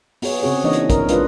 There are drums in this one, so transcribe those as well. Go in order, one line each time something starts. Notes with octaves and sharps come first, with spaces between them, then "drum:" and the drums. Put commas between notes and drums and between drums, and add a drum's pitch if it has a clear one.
B3 F#4 G#4 C#5, drum: open hi-hat
C#3 C4 F#4 G#4 C#5
E3 A#3 D4 D#4 C#5 D#5
drum: hi-hat
A#4, drum: kick, hi-hat
G#3 D4 F4 B4 D#5, drum: hi-hat